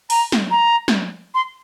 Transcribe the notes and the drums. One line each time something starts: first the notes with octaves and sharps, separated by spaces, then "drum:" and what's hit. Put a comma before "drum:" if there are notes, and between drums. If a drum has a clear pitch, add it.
A#5, drum: open hi-hat
drum: snare
A#5
drum: snare
C6